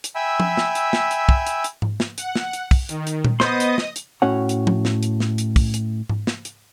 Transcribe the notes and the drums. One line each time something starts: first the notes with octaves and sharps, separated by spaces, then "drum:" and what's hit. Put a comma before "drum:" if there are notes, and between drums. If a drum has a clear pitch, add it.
drum: hi-hat
E5 G5 G#5 B5 E6
drum: tom
drum: snare
drum: hi-hat
drum: snare
drum: hi-hat
drum: kick
drum: hi-hat
drum: hi-hat
drum: tom G#2
drum: snare
F#5, drum: hi-hat
drum: snare
drum: hi-hat
drum: kick, open hi-hat
D#3, drum: hi-hat
drum: hi-hat
drum: tom A#2
B3 C5 D#5 C6 D#6, drum: snare
drum: hi-hat
drum: snare
drum: hi-hat
A2 C#4 F#4 C#5 F#5
drum: hi-hat
drum: tom
drum: snare
drum: hi-hat
drum: snare
drum: hi-hat
drum: kick, open hi-hat
drum: hi-hat
drum: tom G#2
drum: snare
drum: hi-hat